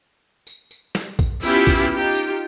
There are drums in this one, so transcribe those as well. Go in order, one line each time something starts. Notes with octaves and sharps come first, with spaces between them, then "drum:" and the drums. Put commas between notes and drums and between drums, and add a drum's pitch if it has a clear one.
drum: tambourine
drum: tambourine
drum: snare
drum: kick, tambourine
B3 C#4 E4 F4 G4, drum: tambourine
drum: kick, tambourine
D#4 F4 G4
drum: tambourine